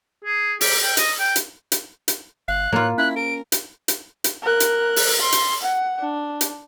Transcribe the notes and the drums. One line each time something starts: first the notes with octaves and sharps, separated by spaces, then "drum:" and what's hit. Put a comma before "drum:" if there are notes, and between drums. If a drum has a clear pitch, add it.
G#4
G4, drum: open hi-hat
G5
D#5, drum: hi-hat
G5
drum: hi-hat
drum: hi-hat
drum: hi-hat
G1 F5 F#6
A2 A#3 F4 C#5
C#4 E4 F#6
A#4 D7
drum: hi-hat
drum: hi-hat
drum: hi-hat
A#4 F#6
drum: hi-hat
drum: open hi-hat
C6
drum: hi-hat
F#5
D4
drum: hi-hat